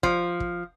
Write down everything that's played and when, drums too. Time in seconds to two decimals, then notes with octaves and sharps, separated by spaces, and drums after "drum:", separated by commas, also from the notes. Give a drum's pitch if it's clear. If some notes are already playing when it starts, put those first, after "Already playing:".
0.03 F3, drum: kick
0.40 drum: kick